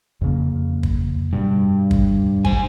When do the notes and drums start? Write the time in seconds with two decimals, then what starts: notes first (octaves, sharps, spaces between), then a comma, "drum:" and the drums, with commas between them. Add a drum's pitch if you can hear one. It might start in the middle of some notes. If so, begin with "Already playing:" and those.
0.21 F2 C#3 A#3
0.83 drum: kick
1.33 G2 B2
1.91 drum: kick
2.45 C5 G#5, drum: kick